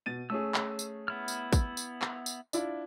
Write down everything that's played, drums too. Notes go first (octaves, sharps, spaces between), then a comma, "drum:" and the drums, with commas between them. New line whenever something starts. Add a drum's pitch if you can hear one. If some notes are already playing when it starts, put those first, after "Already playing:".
B2 A6 D#7
A3 C#4 G#4 E6
drum: clap
drum: tambourine
B3 E4 F6
drum: tambourine
drum: kick, tambourine
drum: tambourine
drum: clap
drum: tambourine
D4 E4 F4, drum: tambourine